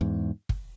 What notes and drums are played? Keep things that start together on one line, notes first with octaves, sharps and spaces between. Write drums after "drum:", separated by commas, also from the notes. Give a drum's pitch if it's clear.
E2 G#2
drum: kick